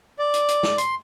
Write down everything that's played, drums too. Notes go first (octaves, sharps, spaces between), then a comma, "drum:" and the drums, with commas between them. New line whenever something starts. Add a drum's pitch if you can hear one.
D5
drum: hi-hat
drum: hi-hat
drum: snare
C6, drum: hi-hat